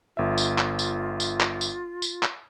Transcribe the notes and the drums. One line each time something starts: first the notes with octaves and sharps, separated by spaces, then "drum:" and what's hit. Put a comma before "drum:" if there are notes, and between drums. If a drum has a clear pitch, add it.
G1 F4 E5
drum: tambourine
drum: clap
drum: tambourine
drum: tambourine
drum: clap
drum: tambourine
drum: tambourine
drum: clap